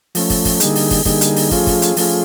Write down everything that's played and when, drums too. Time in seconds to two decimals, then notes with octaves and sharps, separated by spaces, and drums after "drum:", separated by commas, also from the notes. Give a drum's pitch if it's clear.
0.15 F3 A3 C#4, drum: open hi-hat
0.30 drum: kick, open hi-hat
0.45 drum: kick, open hi-hat
0.60 D3 G3 A#3 D#4 G#4, drum: hi-hat
0.75 drum: open hi-hat
0.91 drum: kick, open hi-hat
1.05 D3 G3 A#3 D#4 G#4, drum: kick, open hi-hat
1.21 drum: hi-hat
1.36 drum: open hi-hat
1.51 F3 A3 C#4 F4 G#4, drum: kick, open hi-hat
1.67 drum: kick, open hi-hat
1.82 drum: hi-hat
1.97 F3 A3 C#4 F4 G#4, drum: open hi-hat